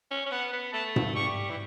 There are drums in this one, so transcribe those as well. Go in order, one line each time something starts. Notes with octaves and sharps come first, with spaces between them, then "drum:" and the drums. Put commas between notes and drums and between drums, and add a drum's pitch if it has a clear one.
C#4
C#4
B3 F#5
B3
A3 A5
drum: tom G#2
G3 C#6
E3